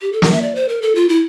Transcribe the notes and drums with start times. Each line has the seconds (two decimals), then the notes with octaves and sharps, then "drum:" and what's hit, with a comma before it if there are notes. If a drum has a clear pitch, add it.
0.02 G4
0.13 A4
0.22 A#4, drum: snare
0.32 E5
0.42 D5
0.55 C5
0.69 A#4
0.82 A4
0.95 F4
1.09 E4